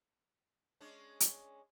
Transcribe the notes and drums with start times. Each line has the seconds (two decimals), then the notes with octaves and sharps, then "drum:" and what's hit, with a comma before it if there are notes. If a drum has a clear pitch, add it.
0.81 G#3 C#4 D4
1.20 drum: hi-hat